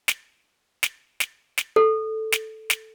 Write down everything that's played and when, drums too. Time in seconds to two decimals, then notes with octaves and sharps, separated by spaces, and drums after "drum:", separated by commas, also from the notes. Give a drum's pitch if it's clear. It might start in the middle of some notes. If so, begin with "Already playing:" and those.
0.08 drum: snare
0.83 drum: snare
1.20 drum: snare
1.58 drum: snare
1.76 A4
2.32 drum: snare
2.70 drum: snare